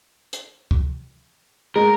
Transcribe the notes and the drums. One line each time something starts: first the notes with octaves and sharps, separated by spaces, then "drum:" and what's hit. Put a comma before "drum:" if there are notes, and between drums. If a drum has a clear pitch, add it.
drum: hi-hat
drum: kick C#2
G#3 A#4